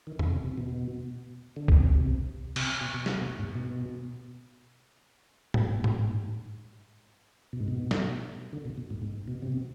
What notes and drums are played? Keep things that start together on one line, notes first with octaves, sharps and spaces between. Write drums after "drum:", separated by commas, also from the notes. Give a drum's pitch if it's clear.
D#3
D3, drum: tom E2
C3
C3
B2
D3
C3, drum: kick C2
B2
C3
C3, drum: cymbal
B2
B2
C3, drum: snare
B2
G#2
B2
G#2, drum: tom A2
drum: tom A2
B2
G#2
B2
drum: snare
D3
B2
B2
G#2
G#2
B2
C3
B2